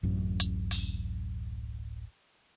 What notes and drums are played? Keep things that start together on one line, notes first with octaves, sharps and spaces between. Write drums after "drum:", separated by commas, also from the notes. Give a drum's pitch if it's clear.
D1 A1 F#2
drum: hi-hat
drum: open hi-hat